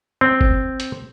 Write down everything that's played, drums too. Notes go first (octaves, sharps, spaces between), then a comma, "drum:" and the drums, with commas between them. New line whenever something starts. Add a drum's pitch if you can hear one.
C4
drum: kick G1
drum: hi-hat